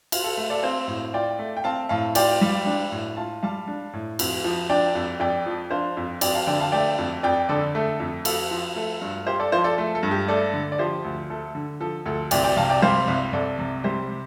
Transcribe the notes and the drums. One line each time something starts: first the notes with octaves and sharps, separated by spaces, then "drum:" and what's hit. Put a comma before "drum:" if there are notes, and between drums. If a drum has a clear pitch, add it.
F4, drum: cymbal
A4
A3
A4 D5
C4 C5 F5
A2
F4 D5 G5
A3
G5
C4 F5 A5
A2 F5 A5
F4 D5 G5, drum: cymbal
G3
D4
A2
F4 A5
G3 F5 A5
D4
A2
F2, drum: cymbal
F3
D4 D5 G5
F2
F2 D5 G5
F3
D4 C5 F5
F2
F2 D5 G5, drum: cymbal
F5 A5
D3 D5 G5
F5 A5
A3 D5 G5
F2
F2 D5 G5
D3 A4 D5
A3 A4
F2
F4 A4, drum: cymbal
F3
A3 A4
G2
F4 G4 C5
A4 D5
F3 C5 F5
A4 D5
A3 A4
A4
G2
G4
A3 A4 D5
D3
D5
F3 G4 C5
D2
A3 A4
D3
F3 A4
D2 A4
C2 D5 G5, drum: cymbal
D5 G5
C3 F5 A5
D5 G5
G3 C5 F5
C2
C2 A4 D5
C3
G3 G4 C5